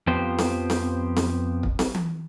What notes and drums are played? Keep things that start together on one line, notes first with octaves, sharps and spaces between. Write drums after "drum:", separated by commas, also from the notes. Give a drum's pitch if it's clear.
F2 F3 B3 G4 C5
drum: snare C4
drum: snare C4
drum: snare C4
drum: kick
drum: snare C4
drum: tom E3